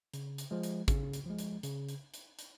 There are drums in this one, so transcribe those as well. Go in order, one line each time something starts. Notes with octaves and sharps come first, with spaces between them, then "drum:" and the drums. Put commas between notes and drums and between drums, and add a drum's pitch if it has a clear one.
C#3, drum: hi-hat
drum: hi-hat
F3 G#3
drum: hi-hat
C#3, drum: kick, hi-hat
drum: hi-hat
F3 G#3
drum: hi-hat
C#3, drum: hi-hat
drum: hi-hat
drum: hi-hat
drum: hi-hat